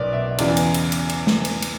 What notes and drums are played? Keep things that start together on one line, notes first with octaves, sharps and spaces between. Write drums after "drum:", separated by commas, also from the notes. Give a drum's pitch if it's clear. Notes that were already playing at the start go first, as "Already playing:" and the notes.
Already playing: B1 A#4 B4 D5
E5
E2 C#3 E3 D5, drum: cymbal
drum: cymbal
drum: cymbal
drum: cymbal
drum: cymbal
drum: snare
drum: cymbal
drum: cymbal